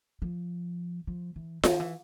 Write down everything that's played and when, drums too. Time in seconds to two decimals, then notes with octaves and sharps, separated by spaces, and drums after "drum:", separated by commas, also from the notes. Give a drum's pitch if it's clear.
0.22 F3
1.07 F3
1.36 E3
1.63 E3, drum: snare F4
1.72 D#3
1.80 E3